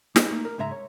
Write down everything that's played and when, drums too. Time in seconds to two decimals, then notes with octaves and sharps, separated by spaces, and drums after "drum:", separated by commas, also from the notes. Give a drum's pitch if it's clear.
0.16 D4 D#4 F4 B4 D#5, drum: snare
0.30 A3 A#3 D#4
0.45 A#4
0.58 G#2 C#3 G#3 E5 A#5
0.71 C#5